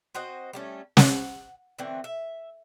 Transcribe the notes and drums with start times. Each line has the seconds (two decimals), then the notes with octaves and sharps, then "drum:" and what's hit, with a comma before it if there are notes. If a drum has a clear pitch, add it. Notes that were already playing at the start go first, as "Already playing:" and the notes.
0.15 C4 F#4 C5 D#5
0.53 G3 A3 C#4
0.97 F#5, drum: snare
1.78 D3 E3 A3 C4
2.04 E5